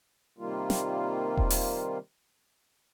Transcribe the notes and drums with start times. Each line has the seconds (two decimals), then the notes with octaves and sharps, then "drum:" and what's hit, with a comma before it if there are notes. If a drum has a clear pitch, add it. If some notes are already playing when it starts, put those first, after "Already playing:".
0.38 C3 D#3 G3 A#3 F4
0.70 drum: snare
1.37 drum: kick E1
1.50 drum: open hi-hat